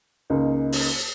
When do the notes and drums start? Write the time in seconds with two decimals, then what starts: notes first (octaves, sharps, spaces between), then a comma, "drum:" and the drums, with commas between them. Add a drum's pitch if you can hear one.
0.30 C#2 C#3 A#3 D#4
0.72 drum: open hi-hat